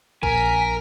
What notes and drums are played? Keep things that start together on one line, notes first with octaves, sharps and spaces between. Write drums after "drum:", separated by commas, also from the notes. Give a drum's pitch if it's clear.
A#1 A#4 G#5 B6, drum: kick A#1